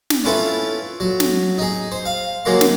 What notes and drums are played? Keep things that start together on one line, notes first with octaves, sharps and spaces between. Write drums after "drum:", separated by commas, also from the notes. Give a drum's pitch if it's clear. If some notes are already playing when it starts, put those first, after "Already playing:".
drum: snare
C#4 E4 F4 A4 B4
F#3
drum: snare
D#4 G#4
C5
F5
C#3 F#3 G#3 A#3 C6
drum: snare